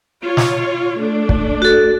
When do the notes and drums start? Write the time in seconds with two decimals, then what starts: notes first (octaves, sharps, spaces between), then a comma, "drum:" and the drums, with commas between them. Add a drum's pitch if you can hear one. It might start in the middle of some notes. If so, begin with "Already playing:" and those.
0.23 F4 C#5
0.37 drum: snare
0.98 A3 D4
1.29 drum: kick
1.62 F#4 A4